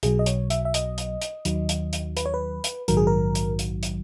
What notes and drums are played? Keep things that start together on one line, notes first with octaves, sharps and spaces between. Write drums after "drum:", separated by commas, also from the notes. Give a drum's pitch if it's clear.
B1 B2 F#3 G#4, drum: hi-hat
D#5
C#5, drum: hi-hat
E5, drum: hi-hat
E5
D#5, drum: hi-hat
drum: hi-hat
drum: hi-hat
D#2 D#3 F#3, drum: hi-hat
drum: hi-hat
drum: hi-hat
B4, drum: hi-hat
C#5
B4
drum: hi-hat
A#1 G#2 D#3 F#3 A#4, drum: hi-hat
G#4
A#4
drum: hi-hat
drum: hi-hat
drum: hi-hat